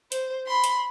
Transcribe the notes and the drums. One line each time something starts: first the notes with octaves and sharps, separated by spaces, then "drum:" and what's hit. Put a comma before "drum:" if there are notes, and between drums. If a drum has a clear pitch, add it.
C5, drum: hi-hat
B5 C6
drum: hi-hat